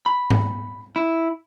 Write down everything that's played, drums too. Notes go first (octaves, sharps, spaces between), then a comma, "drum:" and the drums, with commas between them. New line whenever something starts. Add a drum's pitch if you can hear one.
B5
drum: tom G#2
E4